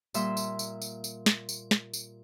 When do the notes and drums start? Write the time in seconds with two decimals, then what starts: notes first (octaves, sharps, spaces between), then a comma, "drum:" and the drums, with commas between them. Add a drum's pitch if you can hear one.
0.14 A#2 G3 E5 C6 E6, drum: tambourine
0.37 drum: tambourine
0.59 drum: tambourine
0.82 drum: tambourine
1.04 drum: tambourine
1.26 drum: snare
1.49 drum: tambourine
1.71 drum: snare
1.94 drum: tambourine